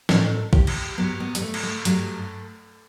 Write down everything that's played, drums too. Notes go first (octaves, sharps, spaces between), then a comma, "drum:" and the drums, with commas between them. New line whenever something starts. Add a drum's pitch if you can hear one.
A2 F#3 A4, drum: snare
G4, drum: kick
drum: cymbal
G2 F#3 B3
B3
G3, drum: hi-hat
A3
drum: cymbal
A3
G2 F#3, drum: hi-hat